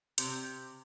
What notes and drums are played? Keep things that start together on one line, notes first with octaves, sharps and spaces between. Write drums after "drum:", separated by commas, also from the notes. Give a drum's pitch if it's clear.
C3, drum: hi-hat